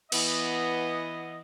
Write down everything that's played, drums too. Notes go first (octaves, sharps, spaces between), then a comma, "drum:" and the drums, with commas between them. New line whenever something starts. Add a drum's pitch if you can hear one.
E3 B3 D#5, drum: cymbal